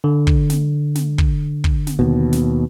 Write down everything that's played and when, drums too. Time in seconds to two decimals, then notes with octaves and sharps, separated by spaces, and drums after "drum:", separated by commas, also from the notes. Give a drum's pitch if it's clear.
0.04 D3
0.27 drum: kick
0.50 drum: snare
0.95 drum: snare
1.18 drum: kick
1.64 drum: kick
1.87 drum: snare
1.99 D#2 B2
2.33 drum: snare